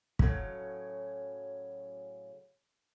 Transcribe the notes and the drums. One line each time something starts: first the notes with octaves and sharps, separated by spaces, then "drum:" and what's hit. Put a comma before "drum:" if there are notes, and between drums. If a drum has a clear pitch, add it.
A2 C#3 F#3, drum: kick